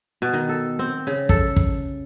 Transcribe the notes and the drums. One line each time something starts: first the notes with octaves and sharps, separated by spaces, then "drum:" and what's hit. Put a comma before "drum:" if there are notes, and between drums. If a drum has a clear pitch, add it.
B2
D#3
A4
C4
C#3
A4, drum: kick
drum: kick